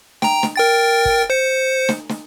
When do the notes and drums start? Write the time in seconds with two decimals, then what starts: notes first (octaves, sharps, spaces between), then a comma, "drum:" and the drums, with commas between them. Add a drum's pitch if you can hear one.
0.22 G5 A#5, drum: snare
0.43 drum: snare
0.56 A#4 G5 A6
1.05 drum: kick
1.30 C5 C#7
1.89 drum: snare
2.09 drum: snare